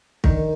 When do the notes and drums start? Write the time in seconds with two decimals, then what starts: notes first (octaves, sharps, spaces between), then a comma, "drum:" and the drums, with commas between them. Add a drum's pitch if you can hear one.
0.24 D#3, drum: kick